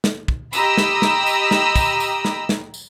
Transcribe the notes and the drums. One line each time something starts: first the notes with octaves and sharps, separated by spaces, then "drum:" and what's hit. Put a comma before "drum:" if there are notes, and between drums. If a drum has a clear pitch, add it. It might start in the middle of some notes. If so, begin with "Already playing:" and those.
drum: snare
drum: kick
G4 D#5 A#5 B5 D#6 E6, drum: tambourine
drum: snare
drum: snare
drum: tambourine
drum: snare
drum: kick, tambourine
drum: tambourine
drum: snare
drum: snare
drum: tambourine